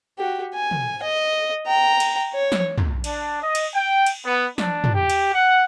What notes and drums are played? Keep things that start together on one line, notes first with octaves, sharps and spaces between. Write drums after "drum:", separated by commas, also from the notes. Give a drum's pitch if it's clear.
F#4 G4
G#5
drum: tom
D#5
G5 A#5
drum: cymbal
C#5
drum: snare
drum: tom
D4, drum: cymbal
D#5
drum: cymbal
G5
drum: cymbal
B3
D4, drum: snare
drum: tom
G4
drum: cymbal
F#5